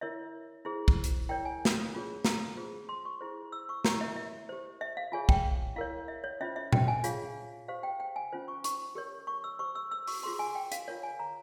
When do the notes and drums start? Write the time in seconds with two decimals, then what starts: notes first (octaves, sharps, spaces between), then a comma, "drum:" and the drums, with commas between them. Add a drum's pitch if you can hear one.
0.01 E4 A#4 C#5 E5
0.65 E4 G#4 C5
0.88 drum: kick
1.04 drum: hi-hat
1.29 E4 A#4 C#5 G5
1.45 G#5
1.65 drum: snare
1.93 C#4 F4 G#4 C#5
2.25 A#5, drum: snare
2.57 F4 G#4 C5
2.89 C6
3.05 C#6
3.21 E4 G#4 C5
3.52 E6
3.69 C#6
3.85 E4 G4 A#4 C#5 A#5, drum: snare
4.01 E5
4.16 E5
4.49 G4 C5
4.81 E5
4.97 F5
5.12 F4 G#4 C#5 G#5
5.29 G5, drum: kick
5.76 E4 A#4 C#5 F5
6.08 E5
6.24 C#5
6.41 C#4 F4 C5 E5
6.56 E5
6.73 G5, drum: tom A#2
6.88 G#5
7.04 F4 G#4 C#5 F5, drum: hi-hat
7.68 G4 C5 F5
7.83 G5
8.00 G5
8.16 G#5
8.32 C#4 F4 C5
8.48 C#6
8.64 C#6, drum: hi-hat
8.95 G4 A#4 C#5
9.27 C#6
9.44 E6
9.59 G4 C5 C#6
9.75 E6
9.91 E6
10.07 C#6, drum: open hi-hat
10.23 F4 G#4 C5 C6
10.39 G#5
10.55 G5
10.72 F5, drum: hi-hat
10.88 F4 A#4 C#5
11.03 G#5
11.19 A#5